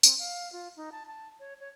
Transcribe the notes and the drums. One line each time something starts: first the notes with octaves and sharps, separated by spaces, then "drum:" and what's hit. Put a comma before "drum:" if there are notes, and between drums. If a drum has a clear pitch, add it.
C4, drum: tambourine
F5
F4
D#4
A5
A5
C#5
C#5